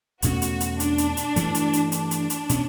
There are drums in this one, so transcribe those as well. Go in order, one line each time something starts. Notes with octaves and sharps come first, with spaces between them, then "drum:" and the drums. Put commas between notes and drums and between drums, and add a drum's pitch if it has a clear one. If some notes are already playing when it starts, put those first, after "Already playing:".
E2 B2 A3 C#4 F#4, drum: hi-hat
drum: hi-hat
drum: hi-hat
D4, drum: hi-hat
drum: hi-hat
drum: hi-hat
G2 E3 A3, drum: hi-hat
drum: hi-hat
drum: hi-hat
D4, drum: hi-hat
drum: hi-hat
drum: hi-hat
B2 G3 C#4, drum: hi-hat